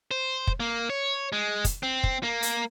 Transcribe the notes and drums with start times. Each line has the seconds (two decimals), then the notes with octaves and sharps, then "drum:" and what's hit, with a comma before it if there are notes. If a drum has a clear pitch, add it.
0.11 C5
0.47 drum: kick
0.60 A#3
0.90 C#5
1.32 G#3
1.64 drum: kick, hi-hat
1.83 C4
2.03 drum: kick
2.23 A#3
2.43 drum: hi-hat